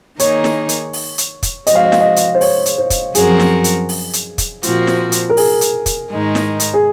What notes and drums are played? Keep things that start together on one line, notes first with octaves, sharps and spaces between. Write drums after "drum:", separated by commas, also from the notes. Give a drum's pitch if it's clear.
D#3 A#3 D#4 G#4 C#5, drum: hi-hat
drum: snare
drum: hi-hat
drum: open hi-hat
drum: hi-hat
drum: kick, hi-hat
F3 G#3 C4 F#4 D#5, drum: hi-hat
F5
D#5
F5, drum: snare
D#5
drum: hi-hat
C5
C#5, drum: open hi-hat
drum: hi-hat
C5
drum: kick, hi-hat
F#2 F3 C4 F#4 G#4 A#4, drum: hi-hat
drum: snare
drum: hi-hat
drum: open hi-hat
drum: hi-hat
drum: kick, hi-hat
A#2 F3 C4 F#4, drum: hi-hat
drum: snare
drum: hi-hat
A#4
G#4, drum: open hi-hat
drum: hi-hat
drum: kick, hi-hat
G#2 D#3 G#3 D#4
drum: snare
drum: hi-hat
G#4